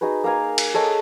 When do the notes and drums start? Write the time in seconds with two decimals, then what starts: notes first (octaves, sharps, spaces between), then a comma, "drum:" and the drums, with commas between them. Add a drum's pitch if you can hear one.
0.01 D#4 F#4 G#4 B4
0.24 A#3 A#4 F5 G#5
0.58 drum: cymbal
0.74 G#4 A4 C#5 D#5